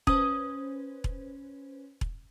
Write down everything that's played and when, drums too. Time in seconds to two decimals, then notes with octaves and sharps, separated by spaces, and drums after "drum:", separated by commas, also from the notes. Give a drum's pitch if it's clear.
0.07 C#4 B4 C5 D#6, drum: kick E1
1.04 drum: kick E1
2.01 drum: kick E1